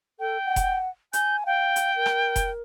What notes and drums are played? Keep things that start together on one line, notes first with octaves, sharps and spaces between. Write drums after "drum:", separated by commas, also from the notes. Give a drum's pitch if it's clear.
A4 G5
F#5
drum: kick F1, hi-hat
G#5 G6, drum: hi-hat
F5 G5
drum: hi-hat
A#4
drum: rim click
drum: kick F1, hi-hat